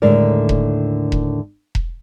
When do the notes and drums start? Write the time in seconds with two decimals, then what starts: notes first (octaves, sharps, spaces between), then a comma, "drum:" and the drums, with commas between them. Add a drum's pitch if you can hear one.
0.02 D#2 A2 D3 G#3 A#4 D5
0.49 drum: kick E1
1.12 drum: kick E1
1.75 drum: kick E1